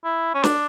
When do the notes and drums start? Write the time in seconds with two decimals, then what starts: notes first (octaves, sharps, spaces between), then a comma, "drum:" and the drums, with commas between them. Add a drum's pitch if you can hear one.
0.04 E4
0.34 C#4
0.44 D4, drum: snare